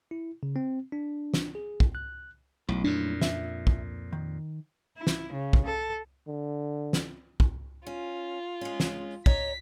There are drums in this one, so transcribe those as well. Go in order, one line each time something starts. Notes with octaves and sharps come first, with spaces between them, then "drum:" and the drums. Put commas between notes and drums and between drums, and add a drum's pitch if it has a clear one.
E4
C#3
C4
D4
drum: snare
G#4
drum: kick
F#6
B1 F#2 A2
F2 A#2 D4
E5, drum: snare
drum: kick
D#3
E4
drum: snare
C#3
drum: kick
A4
D3
drum: snare
drum: kick
C#4 F4
G#3 C#4
drum: snare
C#5 D#5 A#5 B6, drum: kick